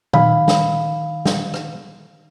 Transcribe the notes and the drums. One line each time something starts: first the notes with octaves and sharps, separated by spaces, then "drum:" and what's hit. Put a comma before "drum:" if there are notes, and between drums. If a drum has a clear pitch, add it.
D#3 F5 B5, drum: tom
drum: snare
drum: snare
drum: rim click